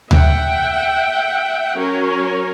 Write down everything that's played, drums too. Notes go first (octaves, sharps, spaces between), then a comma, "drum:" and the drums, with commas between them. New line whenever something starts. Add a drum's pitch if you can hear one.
E5 F#5 G5, drum: tom D2
F#3 C#4 A#4 C#5